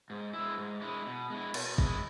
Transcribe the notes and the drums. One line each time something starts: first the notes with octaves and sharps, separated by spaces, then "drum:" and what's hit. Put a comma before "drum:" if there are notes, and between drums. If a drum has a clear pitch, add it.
G#2
E4
G#3
G#2
G#3 E4
B2
G#3 E4
B2, drum: cymbal
G#3 E4, drum: kick A1